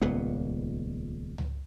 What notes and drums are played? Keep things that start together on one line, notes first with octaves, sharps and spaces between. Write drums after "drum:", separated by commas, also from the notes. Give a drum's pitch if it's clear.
D#1 C#2 A#2 B3
drum: tom C#2